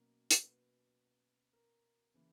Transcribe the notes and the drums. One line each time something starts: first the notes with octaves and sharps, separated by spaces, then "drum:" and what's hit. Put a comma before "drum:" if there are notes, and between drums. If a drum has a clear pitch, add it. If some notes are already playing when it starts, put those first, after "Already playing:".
Already playing: B2 F#3 A#3 C#4 A#4
B4, drum: hi-hat
A#4
C#3 E3 A#3